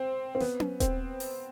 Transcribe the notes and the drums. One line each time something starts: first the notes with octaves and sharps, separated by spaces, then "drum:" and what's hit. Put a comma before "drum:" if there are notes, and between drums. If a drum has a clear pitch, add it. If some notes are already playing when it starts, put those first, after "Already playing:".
Already playing: C4
C4
B3, drum: snare
drum: tom C#4
C4, drum: kick D#1, hi-hat
drum: open hi-hat